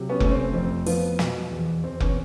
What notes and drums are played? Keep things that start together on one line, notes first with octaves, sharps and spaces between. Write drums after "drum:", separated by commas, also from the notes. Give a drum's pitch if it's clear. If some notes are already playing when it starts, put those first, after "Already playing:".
Already playing: C3 F#3
B3 C#4
A3 C#4, drum: kick F1
C4
F2 C4
F3 B3, drum: open hi-hat
B2, drum: snare
E2
E2 C4
B3 C#4, drum: kick F1